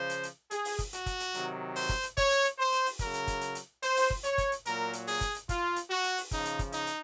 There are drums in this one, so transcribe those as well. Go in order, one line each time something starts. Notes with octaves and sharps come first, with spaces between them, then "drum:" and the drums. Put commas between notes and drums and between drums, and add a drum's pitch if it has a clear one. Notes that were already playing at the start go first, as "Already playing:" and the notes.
Already playing: C#3 F3 C5
drum: hi-hat
drum: hi-hat
G#4, drum: hi-hat
drum: open hi-hat
drum: kick, hi-hat
F#4, drum: hi-hat
drum: kick, hi-hat
drum: hi-hat
C3 D#3 F#3, drum: hi-hat
C5, drum: open hi-hat
drum: kick, hi-hat
drum: hi-hat
C#5, drum: kick, hi-hat
drum: hi-hat
drum: hi-hat
C5
drum: hi-hat
drum: open hi-hat
C#3 F#3 A#4, drum: kick, hi-hat
drum: hi-hat
drum: kick, hi-hat
drum: hi-hat
drum: hi-hat
C5, drum: hi-hat
drum: open hi-hat
drum: kick
C#5, drum: hi-hat
drum: kick, hi-hat
drum: hi-hat
A#2 F#3 A#4, drum: hi-hat
drum: hi-hat
G#4, drum: open hi-hat
drum: kick, hi-hat
drum: hi-hat
F4, drum: kick, hi-hat
drum: hi-hat
F#4
drum: hi-hat
drum: open hi-hat
C#3 F3 D#4, drum: kick, hi-hat
drum: hi-hat
drum: kick, hi-hat
D#4, drum: hi-hat
drum: hi-hat